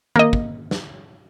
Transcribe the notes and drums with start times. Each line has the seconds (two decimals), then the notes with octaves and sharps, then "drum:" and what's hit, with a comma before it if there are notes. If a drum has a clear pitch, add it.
0.16 A#3 D#5, drum: tom D#3
0.33 drum: kick
0.71 drum: snare